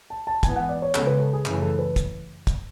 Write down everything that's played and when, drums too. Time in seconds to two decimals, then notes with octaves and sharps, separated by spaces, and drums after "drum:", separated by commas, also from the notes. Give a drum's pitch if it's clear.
0.10 A5
0.27 A5
0.43 G#2 E3 B3 G#5, drum: kick, hi-hat
0.56 F#5
0.69 D5
0.82 C#5
0.95 C#3 G#3 B3 A4, drum: clap
1.07 B4
1.19 A4
1.33 G#4
1.45 F#2 C#3 E3 A3 G#4, drum: clap
1.62 A4
1.79 B4
1.96 drum: kick, hi-hat
2.47 drum: kick, hi-hat